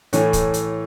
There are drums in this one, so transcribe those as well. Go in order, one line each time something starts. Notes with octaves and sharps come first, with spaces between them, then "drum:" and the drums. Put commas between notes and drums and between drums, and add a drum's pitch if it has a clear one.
A2 E3 A3 C#5, drum: hi-hat
drum: kick, hi-hat
drum: hi-hat